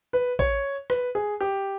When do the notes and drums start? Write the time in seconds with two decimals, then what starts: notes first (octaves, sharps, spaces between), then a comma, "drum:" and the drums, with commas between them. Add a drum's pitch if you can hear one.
0.13 B4
0.39 C#5, drum: kick
0.90 B4, drum: rim click
1.15 G#4
1.41 G4